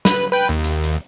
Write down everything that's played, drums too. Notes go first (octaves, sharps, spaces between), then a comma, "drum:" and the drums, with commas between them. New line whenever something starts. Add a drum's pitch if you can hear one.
B4, drum: snare
B4 G5
D#2
drum: hi-hat
drum: hi-hat